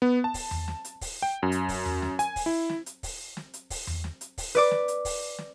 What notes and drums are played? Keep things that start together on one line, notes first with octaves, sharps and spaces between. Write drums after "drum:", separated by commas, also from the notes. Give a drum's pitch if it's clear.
B3
A5
drum: kick, open hi-hat
drum: tom E2
drum: snare
drum: hi-hat
drum: kick, open hi-hat
G5
F#2
drum: hi-hat
drum: kick, open hi-hat
drum: tom E2
drum: snare
G#5, drum: hi-hat
drum: kick, open hi-hat
E4
drum: snare
drum: hi-hat
drum: kick, open hi-hat
drum: snare
drum: hi-hat
drum: kick, open hi-hat
drum: tom E2
drum: snare
drum: hi-hat
drum: kick, open hi-hat
B4 D5 D6
drum: snare
drum: hi-hat
drum: kick, open hi-hat
drum: snare